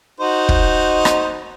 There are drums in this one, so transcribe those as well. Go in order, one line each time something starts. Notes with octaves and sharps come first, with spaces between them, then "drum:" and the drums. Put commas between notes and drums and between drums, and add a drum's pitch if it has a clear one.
D#4 F#4 C5
drum: kick
drum: rim click